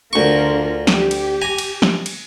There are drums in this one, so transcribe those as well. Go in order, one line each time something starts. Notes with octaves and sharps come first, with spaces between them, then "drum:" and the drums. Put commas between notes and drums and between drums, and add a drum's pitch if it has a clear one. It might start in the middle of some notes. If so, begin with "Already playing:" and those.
D2 D3 F4 A#4 C#6
G4, drum: snare
drum: cymbal
G#5 A#5
drum: cymbal
drum: snare
drum: cymbal